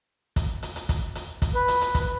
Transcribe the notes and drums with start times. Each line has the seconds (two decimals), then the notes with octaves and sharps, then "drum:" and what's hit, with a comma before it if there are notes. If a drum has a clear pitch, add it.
0.36 drum: kick, hi-hat
0.63 drum: hi-hat
0.76 drum: hi-hat
0.89 drum: kick, hi-hat
1.15 drum: hi-hat
1.42 drum: kick, hi-hat
1.55 B4
1.68 drum: hi-hat
1.81 drum: hi-hat
1.95 drum: kick, hi-hat